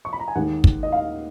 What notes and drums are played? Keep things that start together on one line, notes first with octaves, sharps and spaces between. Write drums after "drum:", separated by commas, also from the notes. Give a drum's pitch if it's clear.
C#6
B5
A#5
G#5
D#2 D#3 G#3 F#5
drum: kick
D#5
F5